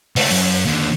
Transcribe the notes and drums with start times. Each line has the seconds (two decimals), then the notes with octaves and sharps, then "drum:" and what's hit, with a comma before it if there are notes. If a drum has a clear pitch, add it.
0.16 C#2 A3, drum: open hi-hat
0.31 F#2
0.65 D#2 D3